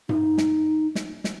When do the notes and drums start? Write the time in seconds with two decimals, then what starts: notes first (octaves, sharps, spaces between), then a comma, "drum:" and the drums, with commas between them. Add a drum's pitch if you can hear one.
0.09 D#4, drum: tom G2
0.38 drum: snare
0.95 drum: snare
1.24 drum: snare